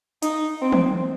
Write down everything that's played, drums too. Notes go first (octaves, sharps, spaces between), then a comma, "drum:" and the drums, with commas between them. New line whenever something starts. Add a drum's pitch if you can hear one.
D#4, drum: hi-hat
C4
drum: tom